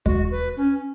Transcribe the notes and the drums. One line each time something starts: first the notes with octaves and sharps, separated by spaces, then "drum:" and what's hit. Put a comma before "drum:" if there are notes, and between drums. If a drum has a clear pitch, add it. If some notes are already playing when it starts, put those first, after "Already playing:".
G#3 F#4, drum: kick D#2
B4
C#4